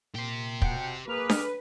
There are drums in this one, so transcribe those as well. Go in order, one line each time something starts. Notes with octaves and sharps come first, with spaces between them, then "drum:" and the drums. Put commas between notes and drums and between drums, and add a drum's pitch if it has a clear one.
A#2 G4 C5
B2 F#5 G5, drum: kick
A#3 G#4 B4 D6 F6
drum: snare D4